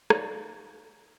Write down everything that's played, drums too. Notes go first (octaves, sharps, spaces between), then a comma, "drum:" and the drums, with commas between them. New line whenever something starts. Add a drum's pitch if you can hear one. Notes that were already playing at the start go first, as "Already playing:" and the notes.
D#4 C#5 D5 F5, drum: rim click